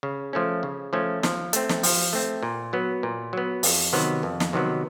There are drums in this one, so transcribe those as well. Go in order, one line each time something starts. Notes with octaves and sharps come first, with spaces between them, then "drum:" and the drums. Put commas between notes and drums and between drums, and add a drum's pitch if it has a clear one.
C#3
F3 A3 C#4
C#3
F3 A3 C#4
F3, drum: snare
A3 C4, drum: hi-hat
drum: snare
F3, drum: open hi-hat
A3 C4
A#2
F#3 B3
A#2
F#3 B3
F2, drum: open hi-hat
C3 D#3 F#3 B3
F2
drum: snare
C3 D#3 F#3 B3